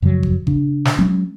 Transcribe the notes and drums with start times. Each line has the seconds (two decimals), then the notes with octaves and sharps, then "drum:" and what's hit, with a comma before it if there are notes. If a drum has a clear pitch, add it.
0.02 F#2 C#3 F3 F#3
0.23 drum: kick G1
0.47 C#3 D4, drum: kick G1
0.85 drum: snare
0.98 F#3 G#3 C#4